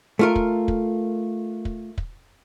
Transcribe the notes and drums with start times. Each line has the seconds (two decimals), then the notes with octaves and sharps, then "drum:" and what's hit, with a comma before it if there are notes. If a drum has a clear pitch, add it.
0.19 A3 F4 A#4
0.36 drum: kick
0.68 drum: kick
1.65 drum: kick
1.98 drum: kick